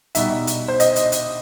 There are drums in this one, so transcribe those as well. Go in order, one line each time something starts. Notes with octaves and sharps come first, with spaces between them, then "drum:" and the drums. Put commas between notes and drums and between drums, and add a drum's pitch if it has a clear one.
B2 G3 D#4 E5, drum: hi-hat
drum: hi-hat
C5
D#5, drum: hi-hat
drum: hi-hat
drum: hi-hat